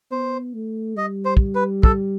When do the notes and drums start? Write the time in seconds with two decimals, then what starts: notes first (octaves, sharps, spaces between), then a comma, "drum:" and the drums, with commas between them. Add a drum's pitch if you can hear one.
0.11 B3 C5
0.54 A3
0.97 G3 D#5
1.25 C5
1.37 drum: kick
1.55 B4
1.83 A4, drum: kick